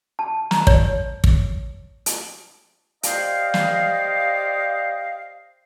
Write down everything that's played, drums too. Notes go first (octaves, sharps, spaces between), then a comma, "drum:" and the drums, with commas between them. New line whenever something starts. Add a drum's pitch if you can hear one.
A5
A#5, drum: snare
C#5, drum: kick
drum: kick
drum: hi-hat
G4 C5 D5 D#5 F5, drum: hi-hat
drum: snare